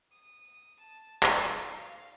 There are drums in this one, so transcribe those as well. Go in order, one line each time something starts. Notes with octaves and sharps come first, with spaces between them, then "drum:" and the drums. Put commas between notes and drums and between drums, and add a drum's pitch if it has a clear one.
D#6
D#6
A5
D#4, drum: clap
F5